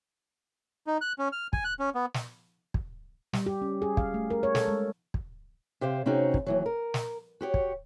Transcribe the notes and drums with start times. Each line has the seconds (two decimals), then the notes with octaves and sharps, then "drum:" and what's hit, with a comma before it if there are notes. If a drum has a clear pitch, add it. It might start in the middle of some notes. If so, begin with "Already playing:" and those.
0.87 D#4
1.01 F#6
1.19 C#4
1.32 F6
1.53 G#5, drum: kick
1.65 F#6
1.79 C#4
1.95 B3
2.14 drum: snare
2.74 drum: kick
3.33 G3, drum: snare
3.46 G4
3.62 C#4
3.82 G#4
3.97 F5, drum: kick
4.14 A3
4.30 A#4
4.43 C#5
4.55 A4, drum: snare
4.67 G#3
5.14 drum: kick
5.81 C3 G4 C5 F5
6.06 C3 C4 C#4 D#4 F#4 G#4
6.34 drum: kick
6.47 D#2 E3 F#3
6.66 A#4
6.94 drum: snare
7.41 F#4 G4 C#5
7.54 drum: kick